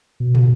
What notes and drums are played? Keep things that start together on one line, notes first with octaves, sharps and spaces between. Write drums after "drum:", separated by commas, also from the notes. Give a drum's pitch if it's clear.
B2
drum: tom